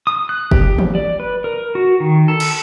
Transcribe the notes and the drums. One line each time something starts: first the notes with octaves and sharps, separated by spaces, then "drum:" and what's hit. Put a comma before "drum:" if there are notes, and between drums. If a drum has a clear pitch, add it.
D#6
F#6
G4, drum: kick
drum: tom D#3
D5
B4
A#4
F#4
D#3
A4
drum: cymbal